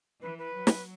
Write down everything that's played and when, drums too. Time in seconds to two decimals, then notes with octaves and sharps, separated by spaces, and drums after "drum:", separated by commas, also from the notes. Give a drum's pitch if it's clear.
0.21 E3 B4
0.38 B4
0.55 F#3
0.67 drum: snare